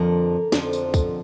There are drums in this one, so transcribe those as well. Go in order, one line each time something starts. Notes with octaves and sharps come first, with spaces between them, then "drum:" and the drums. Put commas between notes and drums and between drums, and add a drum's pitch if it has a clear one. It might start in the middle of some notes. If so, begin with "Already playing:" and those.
Already playing: F2 D3 F3 A#4
F2 D3 F3, drum: snare
drum: tambourine
drum: kick, tambourine